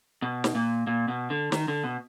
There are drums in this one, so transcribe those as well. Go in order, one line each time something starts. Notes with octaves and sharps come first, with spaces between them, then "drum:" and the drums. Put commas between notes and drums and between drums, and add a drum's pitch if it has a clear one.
B2
drum: snare
A#2
A#2
B2
D3
D#3, drum: snare
D3
B2